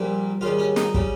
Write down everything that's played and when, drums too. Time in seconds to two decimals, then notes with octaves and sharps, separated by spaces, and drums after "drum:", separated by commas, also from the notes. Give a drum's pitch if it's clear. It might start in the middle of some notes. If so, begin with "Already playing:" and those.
Already playing: A#1 A#2 G3
0.41 D#2 C#3 G3 F4
0.59 C#4
0.76 D#4, drum: snare
0.94 C#3 G3, drum: kick